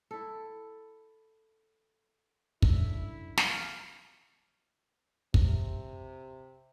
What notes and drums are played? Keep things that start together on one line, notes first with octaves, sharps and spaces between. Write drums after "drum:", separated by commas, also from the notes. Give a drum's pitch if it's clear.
E4 A4
D2 C3 F#3 A3 C#4 D4 E4, drum: kick
F5, drum: snare
C3, drum: kick